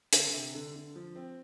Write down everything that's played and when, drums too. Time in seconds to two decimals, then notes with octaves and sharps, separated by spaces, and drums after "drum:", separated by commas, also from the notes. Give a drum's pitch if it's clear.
0.13 D3, drum: hi-hat
0.27 D3
0.33 C3
0.55 D3
0.76 D3
0.96 F3
1.16 C4